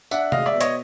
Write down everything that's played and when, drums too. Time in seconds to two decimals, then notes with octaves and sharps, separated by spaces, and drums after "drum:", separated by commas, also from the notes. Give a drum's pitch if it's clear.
0.11 D4 E5 F#5, drum: tambourine
0.32 G#3 D#5 F5, drum: tom C3
0.46 D5 E5
0.54 B2
0.61 C#5 D#5, drum: hi-hat